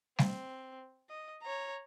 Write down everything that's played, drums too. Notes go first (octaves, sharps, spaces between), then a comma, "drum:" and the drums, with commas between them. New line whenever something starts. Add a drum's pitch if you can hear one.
C4, drum: snare G3
D#5
C#5 A#5